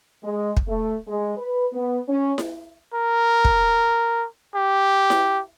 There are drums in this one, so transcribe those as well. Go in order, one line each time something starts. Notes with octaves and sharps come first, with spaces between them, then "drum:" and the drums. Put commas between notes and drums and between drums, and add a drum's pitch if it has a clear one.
G#3
drum: kick
A3
G#3
B4
B3
C#4
drum: snare E4
A#4
drum: kick
G4
drum: snare E4